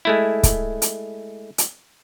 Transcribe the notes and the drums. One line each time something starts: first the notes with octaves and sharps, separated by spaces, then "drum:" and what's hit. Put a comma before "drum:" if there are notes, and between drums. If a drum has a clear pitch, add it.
G#3 A3 E4
drum: kick, hi-hat
drum: hi-hat
drum: hi-hat